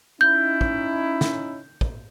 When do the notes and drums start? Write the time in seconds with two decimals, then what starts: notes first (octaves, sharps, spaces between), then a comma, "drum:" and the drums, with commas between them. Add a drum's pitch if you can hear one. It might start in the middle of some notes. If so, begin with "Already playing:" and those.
0.21 C#4 D#4 E4 G6
0.61 drum: kick
1.21 drum: snare
1.81 drum: kick